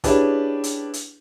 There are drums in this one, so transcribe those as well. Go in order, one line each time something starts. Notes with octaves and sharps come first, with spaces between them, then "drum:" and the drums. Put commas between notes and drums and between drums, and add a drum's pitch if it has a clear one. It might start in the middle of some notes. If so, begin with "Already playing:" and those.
C#4 D4 E4 G4 G#4 B4, drum: kick, hi-hat
drum: hi-hat
drum: hi-hat